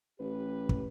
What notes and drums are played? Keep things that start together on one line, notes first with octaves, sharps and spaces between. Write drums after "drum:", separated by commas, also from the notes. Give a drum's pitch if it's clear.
A1 G4 B4
drum: kick